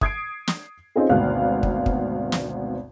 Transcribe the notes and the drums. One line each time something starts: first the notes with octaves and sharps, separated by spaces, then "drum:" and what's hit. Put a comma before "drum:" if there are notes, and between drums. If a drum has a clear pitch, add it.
D#6 G#6 C7 D7, drum: kick
drum: snare
C4 C#4 D#4 F4 G#4 A4
G#1 D2 B2 F5 F#6
drum: kick
drum: kick
drum: snare